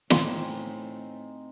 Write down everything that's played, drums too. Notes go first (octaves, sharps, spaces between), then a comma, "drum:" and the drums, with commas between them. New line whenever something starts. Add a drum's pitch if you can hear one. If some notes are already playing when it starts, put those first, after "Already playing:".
A2 C4 D#4 G#5 C6, drum: snare